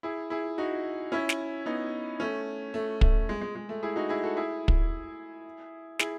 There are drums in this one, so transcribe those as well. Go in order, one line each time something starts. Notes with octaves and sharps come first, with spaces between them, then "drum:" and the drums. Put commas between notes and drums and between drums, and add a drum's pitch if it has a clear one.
E4 G#4
E4 G#4
D#4 F#4
C#4 E4
drum: snare
B3 D#4
A3 C#4
A3
A3, drum: kick
G#3
G#3
G#3
A3
E4 G#4
D#4 F#4
E4 G#4
F#4 A4
E4 G#4
drum: kick
E4 G#4, drum: snare